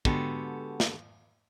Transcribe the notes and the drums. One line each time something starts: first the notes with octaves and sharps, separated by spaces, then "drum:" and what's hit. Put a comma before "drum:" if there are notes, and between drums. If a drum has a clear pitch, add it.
D3 G#3 B3 F#4 G4 A4, drum: kick
drum: snare